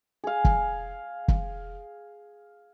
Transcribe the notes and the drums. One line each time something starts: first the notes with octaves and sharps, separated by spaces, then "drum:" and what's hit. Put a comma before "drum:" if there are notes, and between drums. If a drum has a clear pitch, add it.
G#4 F5
drum: kick
drum: kick